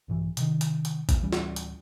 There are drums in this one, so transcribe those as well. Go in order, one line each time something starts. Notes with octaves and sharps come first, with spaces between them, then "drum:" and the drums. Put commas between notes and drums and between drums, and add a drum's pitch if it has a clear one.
A#1 G2 E3
C3 D#3, drum: hi-hat
drum: hi-hat
drum: hi-hat
drum: kick A1, hi-hat
D1 E3 G3 C#4
drum: snare
drum: hi-hat